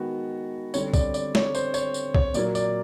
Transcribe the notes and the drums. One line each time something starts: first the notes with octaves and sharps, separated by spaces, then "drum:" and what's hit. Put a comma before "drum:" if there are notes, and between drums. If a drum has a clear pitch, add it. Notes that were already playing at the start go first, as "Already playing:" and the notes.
Already playing: D#3 G#3 B3 F#4
D3 G3 C4 C#5, drum: tambourine
D5, drum: kick C2, tambourine
D5, drum: tambourine
C#5, drum: snare
C5, drum: tambourine
C#5, drum: tambourine
drum: tambourine
C#5, drum: kick C2
A#2 F#3 A#3 D5, drum: tambourine
D5, drum: tambourine